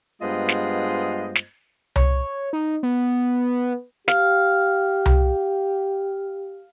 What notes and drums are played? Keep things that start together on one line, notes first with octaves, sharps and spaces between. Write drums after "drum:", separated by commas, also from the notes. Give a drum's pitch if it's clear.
G2 G#3 B3 F4 C5 D#5
drum: snare
drum: snare
C#5, drum: tom C2
D#4
B3
G4 F5, drum: snare
drum: tom C2